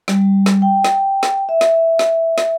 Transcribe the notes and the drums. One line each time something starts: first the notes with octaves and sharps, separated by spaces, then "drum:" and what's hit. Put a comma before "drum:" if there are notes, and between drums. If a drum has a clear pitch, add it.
G3, drum: snare
drum: snare
G5
drum: snare
drum: snare
E5
drum: snare
drum: snare
drum: snare